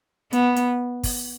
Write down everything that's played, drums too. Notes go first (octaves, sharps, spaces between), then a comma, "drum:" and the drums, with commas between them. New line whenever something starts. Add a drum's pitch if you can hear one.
B3, drum: hi-hat
drum: hi-hat
drum: kick, open hi-hat